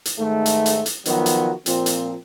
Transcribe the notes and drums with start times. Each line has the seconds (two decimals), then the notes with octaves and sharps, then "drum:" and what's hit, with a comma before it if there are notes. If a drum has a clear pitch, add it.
0.05 drum: hi-hat
0.17 G#2 D#3 A3
0.46 drum: hi-hat
0.66 drum: hi-hat
0.86 drum: hi-hat
1.05 D#3 F3 F#3 B3 F#4, drum: hi-hat
1.26 drum: hi-hat
1.66 A#2 F3 C4, drum: hi-hat
1.86 drum: hi-hat